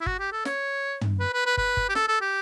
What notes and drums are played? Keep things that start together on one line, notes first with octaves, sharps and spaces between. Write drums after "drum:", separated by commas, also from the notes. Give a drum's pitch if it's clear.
E4
F#4, drum: kick
G4
A4
C#5, drum: snare
drum: tom
B4
B4
B4
B4, drum: kick
drum: kick
G4
A4, drum: snare
A4
G4